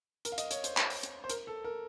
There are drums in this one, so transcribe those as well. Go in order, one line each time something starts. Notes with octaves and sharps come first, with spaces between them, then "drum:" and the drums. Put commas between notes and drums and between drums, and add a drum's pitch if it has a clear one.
A#4, drum: hi-hat
F5
D#5, drum: hi-hat
C#5, drum: hi-hat
C5, drum: hi-hat
drum: clap
drum: open hi-hat
drum: hi-hat
C5
A#4, drum: hi-hat
A4
A#4